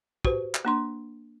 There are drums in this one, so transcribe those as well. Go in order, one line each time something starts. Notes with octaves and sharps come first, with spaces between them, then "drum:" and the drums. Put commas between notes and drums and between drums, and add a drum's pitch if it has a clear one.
F#4 G4 B4 C5, drum: kick
drum: clap
A#3 D4 C6